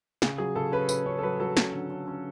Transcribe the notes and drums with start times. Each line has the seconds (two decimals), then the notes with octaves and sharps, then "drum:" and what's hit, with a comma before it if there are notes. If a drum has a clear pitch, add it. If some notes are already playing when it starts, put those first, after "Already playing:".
0.22 C#3 G#4, drum: snare
0.38 F#3 G#4
0.56 C#3 A4
0.72 C#4 B4
0.89 C#4 B4, drum: tambourine
1.06 C#4 C#5
1.18 A4
1.23 F#3 B4
1.40 F#3 A4
1.57 C#4, drum: snare
1.73 D3
1.90 C#4
2.08 C#4